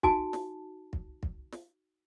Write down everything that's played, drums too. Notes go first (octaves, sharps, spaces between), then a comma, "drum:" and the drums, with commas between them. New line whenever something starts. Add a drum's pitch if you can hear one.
D#4 F#4 G#5 A5, drum: kick
drum: snare
drum: kick
drum: kick
drum: snare